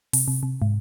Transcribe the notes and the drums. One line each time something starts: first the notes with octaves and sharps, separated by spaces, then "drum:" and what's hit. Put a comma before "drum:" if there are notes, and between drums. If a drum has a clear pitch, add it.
C3, drum: open hi-hat
C3
C3
G#2